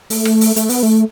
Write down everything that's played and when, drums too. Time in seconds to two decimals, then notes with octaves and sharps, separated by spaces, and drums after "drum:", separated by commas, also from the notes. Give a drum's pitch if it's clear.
0.10 A3, drum: open hi-hat
0.25 drum: rim click
0.41 drum: open hi-hat
0.56 A3, drum: hi-hat
0.69 B3, drum: open hi-hat
0.83 A3